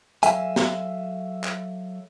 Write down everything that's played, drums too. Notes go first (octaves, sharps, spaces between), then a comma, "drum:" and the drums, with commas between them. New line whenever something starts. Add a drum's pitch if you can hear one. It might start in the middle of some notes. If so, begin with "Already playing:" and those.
F#3 A4 E5 F5 G#5, drum: hi-hat
drum: snare
drum: clap